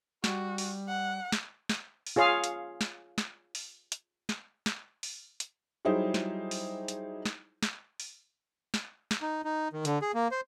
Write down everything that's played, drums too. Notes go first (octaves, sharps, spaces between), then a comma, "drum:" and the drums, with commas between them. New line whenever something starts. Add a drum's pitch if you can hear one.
G3 F#4, drum: snare
drum: open hi-hat
F#5
drum: snare
drum: snare
drum: open hi-hat
F4 G#4 C#5 F5
drum: hi-hat
drum: snare
drum: snare
drum: open hi-hat
drum: hi-hat
drum: snare
drum: snare
drum: open hi-hat
drum: hi-hat
F#3 G3 D#4 E4 G#4 C5
drum: snare
drum: open hi-hat
drum: hi-hat
drum: snare
drum: snare
drum: open hi-hat
drum: snare
drum: snare
D#4
D#4
D#3
D3, drum: hi-hat
G#4
A#3
C5